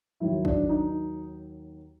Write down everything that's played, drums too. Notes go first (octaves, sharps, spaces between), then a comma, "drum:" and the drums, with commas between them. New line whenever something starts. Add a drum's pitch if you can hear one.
D#2 D#3 F#3 E4
D4, drum: kick
D#4